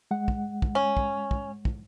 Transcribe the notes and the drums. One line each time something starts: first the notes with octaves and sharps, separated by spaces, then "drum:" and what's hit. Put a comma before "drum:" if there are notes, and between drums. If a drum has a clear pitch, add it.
G#3 F#5
drum: kick
drum: kick
C#4
drum: kick
drum: kick
drum: kick